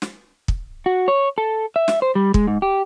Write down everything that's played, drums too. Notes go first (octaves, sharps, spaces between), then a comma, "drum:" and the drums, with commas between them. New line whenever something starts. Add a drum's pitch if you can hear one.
drum: snare
drum: kick
F#4
C#5
A4
E5
drum: snare
C5
G3
G#3, drum: kick
G#2
G4